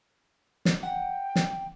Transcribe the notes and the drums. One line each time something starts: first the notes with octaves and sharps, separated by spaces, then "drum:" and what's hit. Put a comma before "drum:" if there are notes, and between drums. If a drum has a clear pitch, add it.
drum: snare
F#5 G5
drum: snare